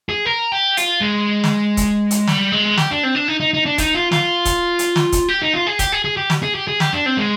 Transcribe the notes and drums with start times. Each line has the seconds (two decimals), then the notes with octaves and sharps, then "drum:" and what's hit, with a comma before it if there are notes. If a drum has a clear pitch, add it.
0.09 G#4
0.26 A#4
0.52 G4
0.77 F4, drum: hi-hat
1.01 G#3
1.44 drum: snare
1.77 drum: kick, hi-hat
2.11 drum: hi-hat
2.27 G3, drum: snare
2.52 G#3
2.77 G4, drum: snare
2.91 D4
3.03 C4
3.15 D4
3.28 D#4
3.40 D#4
3.54 D#4
3.65 D4
3.78 D#4, drum: kick, hi-hat
3.95 F4
4.12 F4, drum: snare
4.45 drum: kick, hi-hat
4.79 drum: hi-hat
4.96 drum: snare
5.12 drum: kick, hi-hat
5.29 G4
5.42 D#4
5.54 F4
5.67 G#4
5.79 G4, drum: kick, hi-hat
5.92 G#4
6.05 G#4
6.17 G4
6.30 drum: snare
6.43 G#4
6.55 G4
6.68 G#4
6.80 G4, drum: snare
6.93 D4
7.06 C4
7.17 G#3